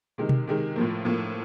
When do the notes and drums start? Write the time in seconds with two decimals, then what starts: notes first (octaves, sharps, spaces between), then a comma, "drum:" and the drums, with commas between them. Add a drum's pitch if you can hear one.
0.18 C3 D#3 G#3
0.29 drum: tom B2
0.47 C3 D#3 G#3
0.76 A2 F3 A#3
1.05 A2 F3 A#3